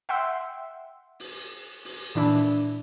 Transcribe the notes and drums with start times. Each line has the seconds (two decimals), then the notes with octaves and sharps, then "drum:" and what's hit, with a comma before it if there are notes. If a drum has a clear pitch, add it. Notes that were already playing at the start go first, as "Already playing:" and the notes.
0.09 E5 F#5 G5 C6 E6
1.20 drum: open hi-hat
1.85 drum: open hi-hat
2.15 A#2 E3 D4 E4